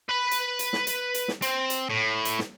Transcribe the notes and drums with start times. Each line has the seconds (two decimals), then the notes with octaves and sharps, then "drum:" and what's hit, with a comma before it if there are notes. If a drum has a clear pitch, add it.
0.09 B4 B5
0.31 drum: hi-hat
0.59 drum: hi-hat
0.73 drum: snare
0.87 drum: hi-hat
1.14 drum: hi-hat
1.28 drum: snare
1.42 C4, drum: hi-hat
1.70 drum: hi-hat
1.90 A2
2.25 drum: hi-hat
2.39 drum: snare